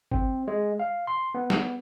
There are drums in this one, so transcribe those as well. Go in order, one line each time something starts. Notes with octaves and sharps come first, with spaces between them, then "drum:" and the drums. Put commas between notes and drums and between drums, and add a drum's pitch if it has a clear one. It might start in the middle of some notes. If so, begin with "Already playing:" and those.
C4, drum: kick G1
G#3
F5
C6
B3
drum: snare